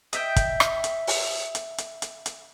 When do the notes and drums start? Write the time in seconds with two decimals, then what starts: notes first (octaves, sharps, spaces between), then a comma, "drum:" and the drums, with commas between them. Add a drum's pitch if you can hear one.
0.13 D#5 E5 G5, drum: hi-hat
0.36 drum: kick, hi-hat
0.60 drum: rim click
0.84 drum: hi-hat
1.07 drum: open hi-hat
1.55 drum: hi-hat
1.78 drum: hi-hat
2.02 drum: hi-hat
2.26 drum: hi-hat